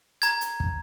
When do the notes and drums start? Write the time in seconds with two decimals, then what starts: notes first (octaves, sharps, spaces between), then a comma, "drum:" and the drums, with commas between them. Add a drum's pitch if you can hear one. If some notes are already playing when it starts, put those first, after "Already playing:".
0.22 A#5 G#6, drum: hi-hat
0.41 drum: hi-hat
0.60 drum: kick